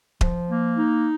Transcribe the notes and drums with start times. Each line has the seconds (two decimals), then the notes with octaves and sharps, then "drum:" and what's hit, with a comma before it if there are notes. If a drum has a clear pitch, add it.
0.21 F3, drum: kick D#1
0.48 A#3
0.75 D#4